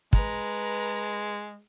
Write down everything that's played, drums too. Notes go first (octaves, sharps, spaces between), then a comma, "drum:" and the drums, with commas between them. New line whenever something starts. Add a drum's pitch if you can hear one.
G#3 B4 A#5, drum: kick